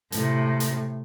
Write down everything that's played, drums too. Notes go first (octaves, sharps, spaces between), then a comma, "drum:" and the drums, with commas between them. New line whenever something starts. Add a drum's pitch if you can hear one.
A2 C3, drum: hi-hat
drum: hi-hat